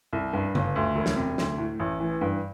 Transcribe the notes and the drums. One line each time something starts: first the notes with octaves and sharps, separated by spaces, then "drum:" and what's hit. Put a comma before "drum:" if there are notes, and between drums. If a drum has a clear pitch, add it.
C2
G2
G1, drum: tom C#3
D2
E1
drum: snare
C3
D2, drum: snare
A2
A1
E3
G2